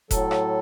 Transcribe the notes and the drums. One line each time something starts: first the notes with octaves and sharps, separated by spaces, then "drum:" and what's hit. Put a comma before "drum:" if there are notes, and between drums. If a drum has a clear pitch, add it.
A2 F#3 A4, drum: kick E1, hi-hat
drum: rim click